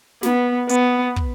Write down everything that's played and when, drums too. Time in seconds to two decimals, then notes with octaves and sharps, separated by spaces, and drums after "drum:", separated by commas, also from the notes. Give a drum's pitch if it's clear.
0.23 B3, drum: snare
0.69 B3, drum: hi-hat
1.16 drum: kick